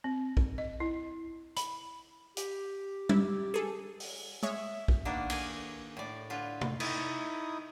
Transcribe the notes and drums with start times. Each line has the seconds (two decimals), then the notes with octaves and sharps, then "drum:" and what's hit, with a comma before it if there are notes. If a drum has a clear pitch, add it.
0.04 C4
0.37 drum: kick B1
0.58 D#5
0.80 E4
1.57 B5, drum: hi-hat
2.37 G4, drum: hi-hat
3.09 E4, drum: tom G3
3.54 G#4 A4
4.00 drum: open hi-hat
4.43 G#3 C#5 E5
4.88 drum: kick B1
5.05 D#3 A#3 B3 D4
5.30 G#4 A#4 G#5, drum: cymbal
5.97 A2 D5
6.30 D3 F4 B4
6.61 drum: tom
6.80 D#4 E4 D#6, drum: cymbal